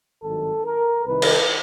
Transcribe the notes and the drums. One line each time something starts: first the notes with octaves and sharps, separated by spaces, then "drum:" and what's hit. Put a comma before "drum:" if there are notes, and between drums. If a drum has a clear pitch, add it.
G#1 G2 D#3 F#3 A4
A#4
C2 C3 D#3 B4
drum: cymbal